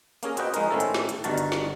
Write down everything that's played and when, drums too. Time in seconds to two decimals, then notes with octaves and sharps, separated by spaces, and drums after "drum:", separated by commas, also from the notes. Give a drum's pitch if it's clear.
0.23 A#3 C#4 G#4 A#4, drum: hi-hat
0.37 C4 F#4 B4 D#5 G5, drum: hi-hat
0.54 F3 G#3 D#4 A#4, drum: hi-hat
0.71 A2 D#3 C4 C#4 E4 A4
0.80 drum: hi-hat
0.94 drum: snare
1.09 drum: hi-hat
1.24 G1 G2 D#3 F#4 A#4 A5, drum: hi-hat
1.38 drum: hi-hat
1.52 drum: snare